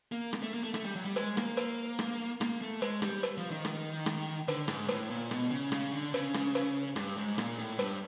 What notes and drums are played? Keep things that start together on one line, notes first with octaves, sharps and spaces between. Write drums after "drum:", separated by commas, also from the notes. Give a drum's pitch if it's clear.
A#3
drum: rim click
A3
A#3
A3
A3, drum: rim click
G3
F#3
G3
G#3, drum: hi-hat
A#3, drum: rim click
drum: hi-hat
drum: rim click
A#3, drum: rim click
A3
G#3, drum: hi-hat
G3, drum: rim click
drum: hi-hat
F3
D#3
drum: rim click
drum: rim click
D3, drum: hi-hat
G#2, drum: rim click
A2, drum: hi-hat
A#2
B2, drum: rim click
C#3
C#3, drum: rim click
D3
C#3, drum: hi-hat
drum: rim click
drum: hi-hat
G2, drum: rim click
G#2
A#2, drum: rim click
A2
G2, drum: hi-hat